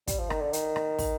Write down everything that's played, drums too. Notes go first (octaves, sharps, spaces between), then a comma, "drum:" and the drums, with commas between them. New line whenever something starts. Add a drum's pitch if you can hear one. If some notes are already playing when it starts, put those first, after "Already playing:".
G3, drum: kick, hi-hat
F3
D#3, drum: rim click
D3
D#3, drum: hi-hat
drum: rim click
drum: kick, open hi-hat